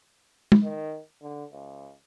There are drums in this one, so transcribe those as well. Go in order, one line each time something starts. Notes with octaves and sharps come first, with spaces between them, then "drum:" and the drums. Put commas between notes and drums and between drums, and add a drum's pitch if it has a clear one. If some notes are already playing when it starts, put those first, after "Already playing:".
drum: tom
D#3
D3
C#2